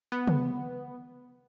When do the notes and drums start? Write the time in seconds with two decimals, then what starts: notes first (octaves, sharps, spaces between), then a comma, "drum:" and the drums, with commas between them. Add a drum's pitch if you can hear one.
0.12 B3
0.27 drum: tom